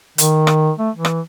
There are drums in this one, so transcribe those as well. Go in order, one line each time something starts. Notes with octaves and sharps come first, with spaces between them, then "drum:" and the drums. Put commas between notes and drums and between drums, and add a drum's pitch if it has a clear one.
D#3, drum: hi-hat
drum: rim click
A3
E3
drum: rim click